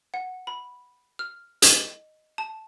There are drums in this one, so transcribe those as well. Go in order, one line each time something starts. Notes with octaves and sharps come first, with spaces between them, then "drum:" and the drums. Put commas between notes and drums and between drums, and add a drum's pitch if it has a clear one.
F#5
B5
F6
D#5, drum: hi-hat
A5